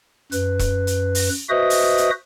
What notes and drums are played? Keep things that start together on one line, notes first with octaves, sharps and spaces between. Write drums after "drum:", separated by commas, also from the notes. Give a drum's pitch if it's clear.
F#2 B4, drum: hi-hat
drum: kick E1, hi-hat
drum: hi-hat
drum: open hi-hat
F#4 B4 C5 D#5 E5 D#6
drum: open hi-hat
drum: hi-hat